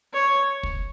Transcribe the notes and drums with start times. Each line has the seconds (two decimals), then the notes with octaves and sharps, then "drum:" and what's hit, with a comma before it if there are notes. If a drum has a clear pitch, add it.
0.13 C#5
0.63 drum: kick